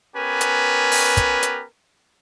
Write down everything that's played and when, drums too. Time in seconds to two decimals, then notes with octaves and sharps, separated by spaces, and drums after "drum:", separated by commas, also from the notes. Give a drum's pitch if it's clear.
0.15 B3 C#4 G4 A#4 B4 G#5
0.41 drum: hi-hat
0.92 drum: open hi-hat
1.17 drum: kick, hi-hat
1.43 drum: hi-hat